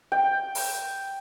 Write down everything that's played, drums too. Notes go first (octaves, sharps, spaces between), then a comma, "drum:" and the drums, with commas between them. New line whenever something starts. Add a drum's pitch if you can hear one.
G5
drum: open hi-hat